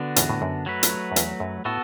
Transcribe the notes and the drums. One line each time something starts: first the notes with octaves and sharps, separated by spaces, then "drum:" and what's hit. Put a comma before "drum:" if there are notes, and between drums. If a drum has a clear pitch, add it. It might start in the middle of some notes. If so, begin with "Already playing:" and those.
Already playing: D3 B3 D4 F#4
E2 A2, drum: hi-hat
A2
F#2
F#3 A3 F#4 B4
drum: hi-hat
F#2
E2, drum: hi-hat
F#2
A2 B3 F#4 A4